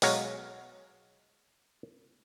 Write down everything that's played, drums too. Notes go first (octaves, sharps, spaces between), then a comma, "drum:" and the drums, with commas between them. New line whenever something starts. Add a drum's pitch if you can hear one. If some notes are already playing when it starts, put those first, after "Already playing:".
B1 G#3 F#4 C#5 F5 A#5, drum: open hi-hat